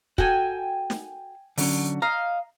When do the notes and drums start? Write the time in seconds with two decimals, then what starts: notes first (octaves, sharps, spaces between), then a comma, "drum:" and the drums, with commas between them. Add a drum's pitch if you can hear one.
0.18 F#4 A4 G5 G#5, drum: kick
0.90 drum: snare
1.58 D3 F#3 C#4, drum: open hi-hat
2.02 D#5 F5 A#5